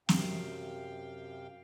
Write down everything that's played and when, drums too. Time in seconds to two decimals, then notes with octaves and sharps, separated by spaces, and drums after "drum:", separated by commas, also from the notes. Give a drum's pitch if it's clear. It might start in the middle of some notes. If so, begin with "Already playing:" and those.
0.09 F#2 C3 F5 G5, drum: snare